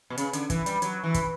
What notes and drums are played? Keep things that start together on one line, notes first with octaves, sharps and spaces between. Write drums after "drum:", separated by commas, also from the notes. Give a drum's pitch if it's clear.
B2
C#3, drum: hi-hat
D3, drum: hi-hat
E3, drum: kick, hi-hat
G3, drum: hi-hat
F#3, drum: hi-hat
E3
drum: kick, hi-hat